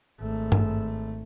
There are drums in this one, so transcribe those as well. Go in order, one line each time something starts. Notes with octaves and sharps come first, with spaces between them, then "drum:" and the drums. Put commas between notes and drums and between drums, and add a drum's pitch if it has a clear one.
G#1 A3
drum: tom G2